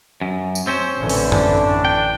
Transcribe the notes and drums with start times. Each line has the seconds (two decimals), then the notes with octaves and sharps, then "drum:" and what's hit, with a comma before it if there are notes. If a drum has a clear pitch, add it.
0.21 F#2
0.55 drum: tambourine
0.67 C4 C#4 C5
0.97 A1 D3 E3
1.09 drum: open hi-hat
1.32 D4, drum: tom F#2
1.85 G5